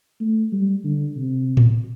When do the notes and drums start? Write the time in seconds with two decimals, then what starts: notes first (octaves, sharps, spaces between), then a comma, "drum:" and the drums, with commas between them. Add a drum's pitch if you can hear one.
0.21 A3
0.52 G3
0.85 D3
1.16 C3
1.57 drum: tom A2